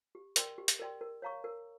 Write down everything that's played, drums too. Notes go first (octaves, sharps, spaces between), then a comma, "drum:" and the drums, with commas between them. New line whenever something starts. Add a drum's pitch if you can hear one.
G4
A#4 D5 G5 C6, drum: hi-hat
G4
drum: hi-hat
A#4 D5 G5 C6
A#4
C#5 F5 A#5 C#6
A#4